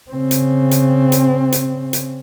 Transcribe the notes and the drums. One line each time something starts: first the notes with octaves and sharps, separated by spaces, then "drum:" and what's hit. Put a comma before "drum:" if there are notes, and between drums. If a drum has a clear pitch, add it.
C#3 C4
drum: hi-hat
drum: hi-hat
drum: hi-hat
drum: hi-hat
drum: hi-hat